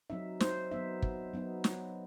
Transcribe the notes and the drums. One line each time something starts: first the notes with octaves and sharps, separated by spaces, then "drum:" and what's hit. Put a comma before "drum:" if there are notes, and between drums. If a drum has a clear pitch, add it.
F#3 C4 D#4 E5
C5, drum: snare
F#3 B3 D#4 E5
drum: kick
F#3 B3 D#4
drum: snare